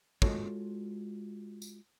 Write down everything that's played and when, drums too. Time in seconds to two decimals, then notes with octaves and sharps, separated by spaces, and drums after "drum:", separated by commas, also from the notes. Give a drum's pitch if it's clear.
0.22 G#3 F4 F#4 A4 C#5, drum: kick
1.62 drum: tambourine